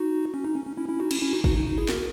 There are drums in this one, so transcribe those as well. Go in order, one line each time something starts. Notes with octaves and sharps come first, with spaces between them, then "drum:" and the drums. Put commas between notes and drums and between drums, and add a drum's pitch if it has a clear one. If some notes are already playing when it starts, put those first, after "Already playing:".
Already playing: D#4 F#4
C#4
D#4
C#4
C#4
C#4 E4
C#4 E4
D#4 F#4
C#4 E4, drum: cymbal
C#4 E4
D#4 F#4
D#4 F#4, drum: kick
D#4
D#4
E4 G#4
F#4 A#4, drum: snare